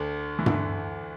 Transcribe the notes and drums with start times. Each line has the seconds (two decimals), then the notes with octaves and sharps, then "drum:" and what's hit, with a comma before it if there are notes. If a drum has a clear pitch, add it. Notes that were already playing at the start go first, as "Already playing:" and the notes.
Already playing: D2 D3
0.39 E3
0.46 D3, drum: tom G2
0.54 E3